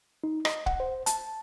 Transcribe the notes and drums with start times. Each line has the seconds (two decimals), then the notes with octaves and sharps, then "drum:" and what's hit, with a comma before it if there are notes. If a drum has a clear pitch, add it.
0.24 D#4
0.45 D#5, drum: rim click
0.66 F#5, drum: kick
0.80 C5
1.06 A5, drum: hi-hat